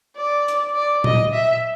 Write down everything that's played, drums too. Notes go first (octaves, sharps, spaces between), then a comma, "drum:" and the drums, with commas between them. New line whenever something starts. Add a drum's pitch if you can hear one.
D5
drum: hi-hat
D5
D#5, drum: tom A#2
E5